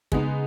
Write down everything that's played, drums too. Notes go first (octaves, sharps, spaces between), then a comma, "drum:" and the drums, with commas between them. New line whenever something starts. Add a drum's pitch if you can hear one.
C#3 G#3 B3 D#4, drum: kick